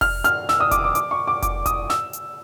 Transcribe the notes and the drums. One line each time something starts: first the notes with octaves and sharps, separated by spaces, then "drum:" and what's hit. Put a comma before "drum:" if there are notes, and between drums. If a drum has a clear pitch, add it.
F6, drum: kick F1, open hi-hat
F6, drum: hi-hat
E6, drum: snare
D#6
D6, drum: kick F1, hi-hat
D6
D6, drum: hi-hat
C#6
D6
D6, drum: kick F1, hi-hat
D#6, drum: kick F1, hi-hat
E6, drum: snare
drum: hi-hat